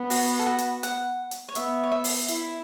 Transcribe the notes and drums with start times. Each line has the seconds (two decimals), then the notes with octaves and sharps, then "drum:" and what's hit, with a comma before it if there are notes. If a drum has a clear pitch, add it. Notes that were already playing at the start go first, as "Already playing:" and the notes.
Already playing: B3
0.10 F#4, drum: open hi-hat
0.39 A4
0.46 F#4
0.58 drum: hi-hat
0.83 F#5, drum: hi-hat
1.31 drum: hi-hat
1.49 C#5
1.55 B3 E5, drum: hi-hat
1.84 C#5
1.92 E5
2.04 drum: open hi-hat
2.28 E4, drum: hi-hat